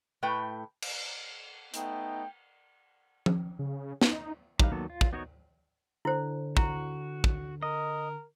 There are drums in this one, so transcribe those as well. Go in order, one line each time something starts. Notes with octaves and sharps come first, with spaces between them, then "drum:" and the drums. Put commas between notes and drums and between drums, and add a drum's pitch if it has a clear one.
A2 A3 B4 G5
drum: cymbal
A3 B3 D#4 G5, drum: hi-hat
drum: tom F3
C#3
D#4, drum: snare
D#3 G3 D#4 B4 F5, drum: kick
D#3 F#3 A#3 B3 A4
F4
drum: kick
B3 D#4 F#4 A#4 C#5
D3 E4 C5
E4 F#4, drum: kick
drum: kick
A#4 D#5